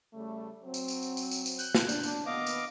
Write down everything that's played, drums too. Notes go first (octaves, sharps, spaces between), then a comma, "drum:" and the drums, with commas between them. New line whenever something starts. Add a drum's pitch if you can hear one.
C#3 G3 A3
F#3 C4
drum: tambourine
drum: tambourine
drum: tambourine
drum: tambourine
drum: tambourine
drum: tambourine
F#6 G6, drum: tambourine
drum: snare
D4, drum: tambourine
drum: tambourine
B2 D#3 B3 D#5 F5 D6
drum: tambourine